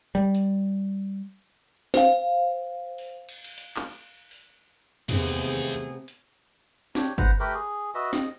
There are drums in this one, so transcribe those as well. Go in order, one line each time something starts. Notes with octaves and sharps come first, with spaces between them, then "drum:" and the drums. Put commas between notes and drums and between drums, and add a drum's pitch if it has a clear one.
G3, drum: hi-hat
drum: hi-hat
C5 F5, drum: snare
drum: open hi-hat
drum: cymbal
drum: cymbal
drum: hi-hat
drum: clap
drum: open hi-hat
D#2 C3 E3 A3 B3 G#4, drum: tom
drum: hi-hat
D4 G4 C#5, drum: snare
B4 C5 F#5 A#5, drum: kick G1
A3 G4 A#4 B4
G#4
F#4 B4 D#5 E5
D#5, drum: snare